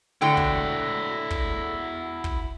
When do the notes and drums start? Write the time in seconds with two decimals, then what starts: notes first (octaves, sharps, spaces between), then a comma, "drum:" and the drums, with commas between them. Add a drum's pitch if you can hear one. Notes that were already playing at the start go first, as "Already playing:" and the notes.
0.21 A2 D3 E4 F#4 G5
0.37 drum: kick
1.30 drum: kick
2.24 drum: kick